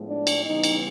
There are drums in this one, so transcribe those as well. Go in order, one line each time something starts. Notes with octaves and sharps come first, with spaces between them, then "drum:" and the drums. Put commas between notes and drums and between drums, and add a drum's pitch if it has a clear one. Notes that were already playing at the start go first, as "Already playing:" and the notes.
Already playing: A2 F3 G#3 B3
D4 D5
drum: cymbal
C#3 E3 G3 B3 D#4 D#5
drum: cymbal